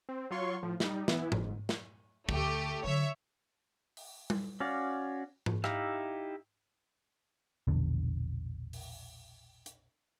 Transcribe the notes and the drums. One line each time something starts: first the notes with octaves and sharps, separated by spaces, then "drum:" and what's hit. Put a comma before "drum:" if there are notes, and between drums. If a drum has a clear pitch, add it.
C4
F#3 F4 C#5 C6 C#6
A2 F3
G3 D#4, drum: snare
E3 B3 E4, drum: snare
G1 G#2, drum: tom G#2
drum: snare
D2 D3 A3 G4, drum: kick
D3 F#3 C#5 E5
drum: open hi-hat
drum: tom G3
C#4 F#4 D5 F5
drum: tom G#2
D#4 E4 G4 E5 F5, drum: rim click
E1 A#1 E2 D3
drum: open hi-hat
drum: hi-hat